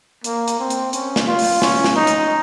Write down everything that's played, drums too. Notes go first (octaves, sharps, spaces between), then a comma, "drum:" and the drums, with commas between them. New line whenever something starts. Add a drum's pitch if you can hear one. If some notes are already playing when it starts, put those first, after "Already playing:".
A#3, drum: hi-hat
drum: hi-hat
C4
drum: hi-hat
C#4, drum: hi-hat
drum: snare
F4
drum: open hi-hat
C#4, drum: snare
drum: snare
D#4
drum: hi-hat